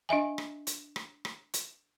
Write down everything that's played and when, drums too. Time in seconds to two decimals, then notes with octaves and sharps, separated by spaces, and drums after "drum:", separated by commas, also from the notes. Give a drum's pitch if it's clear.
0.09 D4 D#5 E5 G#5
0.38 drum: rim click
0.67 drum: hi-hat
0.96 drum: rim click
1.25 drum: rim click
1.54 drum: hi-hat